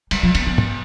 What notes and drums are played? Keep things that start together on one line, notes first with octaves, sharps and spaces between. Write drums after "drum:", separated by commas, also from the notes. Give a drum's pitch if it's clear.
G3, drum: cymbal
F3
B3, drum: cymbal
B3
drum: tom